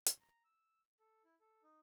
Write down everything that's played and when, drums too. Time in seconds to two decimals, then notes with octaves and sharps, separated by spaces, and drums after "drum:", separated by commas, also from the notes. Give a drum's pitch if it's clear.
0.06 drum: hi-hat
0.21 A#5
0.45 E6
1.00 A4
1.25 E4
1.41 A4
1.63 D#4